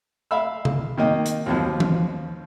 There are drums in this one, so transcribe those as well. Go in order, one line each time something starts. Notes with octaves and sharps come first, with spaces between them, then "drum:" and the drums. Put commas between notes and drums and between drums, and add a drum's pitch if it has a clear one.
E5 F5 B5 E6
drum: tom C3
D#3 A#3 D#5 G5
drum: hi-hat
D#2 B2 F3
drum: tom E3